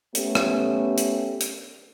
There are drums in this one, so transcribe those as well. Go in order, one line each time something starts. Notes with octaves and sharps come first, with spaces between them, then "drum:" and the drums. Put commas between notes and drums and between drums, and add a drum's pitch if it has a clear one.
A3 B3 C#4 G4, drum: hi-hat
drum: rim click
drum: hi-hat
drum: hi-hat